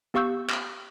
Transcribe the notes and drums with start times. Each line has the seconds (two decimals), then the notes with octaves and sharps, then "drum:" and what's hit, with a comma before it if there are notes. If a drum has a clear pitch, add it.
0.14 B3 G4 F5 C#6 E6 G6
0.50 drum: clap